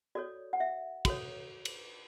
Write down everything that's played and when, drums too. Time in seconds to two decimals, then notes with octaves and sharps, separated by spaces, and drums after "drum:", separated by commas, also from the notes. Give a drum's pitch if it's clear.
0.15 F#4 A4 C#5 D5
0.53 F#5
0.60 E5
1.05 F#4 A4 C#5, drum: kick, cymbal
1.65 drum: cymbal